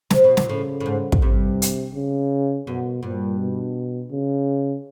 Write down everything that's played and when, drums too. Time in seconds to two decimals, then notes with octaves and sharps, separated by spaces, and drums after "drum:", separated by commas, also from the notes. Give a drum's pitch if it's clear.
0.10 C3, drum: snare
0.24 B2
0.37 A#2, drum: snare
0.49 A2 C#3
0.80 A2
0.86 G#2
1.12 drum: kick
1.22 G2 C3
1.62 drum: hi-hat
1.95 C#3
2.67 F#2 B2
3.03 G2 A#2
3.39 B2
4.12 C#3